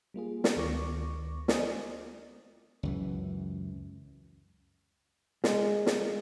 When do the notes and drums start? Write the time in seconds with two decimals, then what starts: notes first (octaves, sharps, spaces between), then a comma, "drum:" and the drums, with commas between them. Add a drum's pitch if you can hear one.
0.14 G3 A#3 F4 G#4
0.44 drum: snare
0.56 D2 D#3 B3 C#6 D6 A#6
1.48 B3 C5 D5 D#5 G#5 D#6, drum: snare
2.83 C#2 F#2 E3
5.44 G#3, drum: snare
5.86 drum: snare